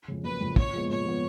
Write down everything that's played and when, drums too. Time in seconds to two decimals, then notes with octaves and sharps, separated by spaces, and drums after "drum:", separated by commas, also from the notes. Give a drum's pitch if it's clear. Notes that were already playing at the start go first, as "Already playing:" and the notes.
0.08 F2 C#3
0.24 F#1 B4
0.41 F2 C#3
0.56 A#2 C#5, drum: kick
0.73 F3 G#3 B3
0.89 A#2 C#5
1.05 F3 G#3 B3